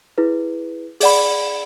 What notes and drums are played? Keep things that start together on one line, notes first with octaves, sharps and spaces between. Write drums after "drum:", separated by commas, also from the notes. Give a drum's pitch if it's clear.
E4 G#4 B4
G#4 D5 F#5 B5, drum: open hi-hat